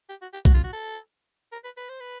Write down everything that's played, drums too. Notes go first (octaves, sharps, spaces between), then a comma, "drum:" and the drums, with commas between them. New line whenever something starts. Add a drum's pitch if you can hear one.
G4
F#4
G4
F#4, drum: kick
F4
F#4
A4
A#4
B4
B4
C5
B4